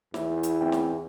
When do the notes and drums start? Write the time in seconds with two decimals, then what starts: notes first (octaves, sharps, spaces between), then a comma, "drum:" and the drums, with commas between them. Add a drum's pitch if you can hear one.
0.14 E2 E4, drum: snare
0.43 drum: hi-hat
0.61 C4 E4 G5
0.72 drum: snare